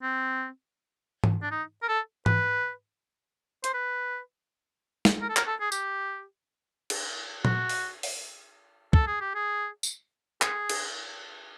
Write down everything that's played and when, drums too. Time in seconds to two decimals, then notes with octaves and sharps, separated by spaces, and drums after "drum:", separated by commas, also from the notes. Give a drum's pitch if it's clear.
0.03 C4
1.24 drum: tom G#2
1.43 D4
1.51 D#4
1.83 A#4
1.89 A4
2.26 B4, drum: tom G#2
3.64 C5, drum: hi-hat
3.74 B4
5.05 drum: snare
5.22 A#4
5.29 A4
5.37 A#4, drum: clap
5.47 A4
5.61 G#4
5.72 G4, drum: tambourine
6.90 drum: cymbal
7.45 F#4, drum: tom A#2
7.69 drum: open hi-hat
8.03 drum: open hi-hat
8.93 A4, drum: kick
9.07 G#4
9.21 G4
9.35 G#4
9.83 drum: tambourine
10.42 G#4, drum: clap
10.70 drum: cymbal